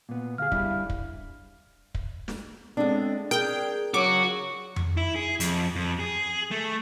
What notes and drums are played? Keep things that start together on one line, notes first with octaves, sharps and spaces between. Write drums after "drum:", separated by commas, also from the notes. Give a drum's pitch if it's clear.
A#2 B3
D2 G#4 F5 F6
G3 D4 E4, drum: kick
drum: kick
drum: kick
drum: snare
A2 G#3 B3 C4 D4
D4 G#4 A#4 G5
C#3 F#3 F#4 D6
drum: tom F2
E4
G#4
F2, drum: hi-hat
F2
G#4
A3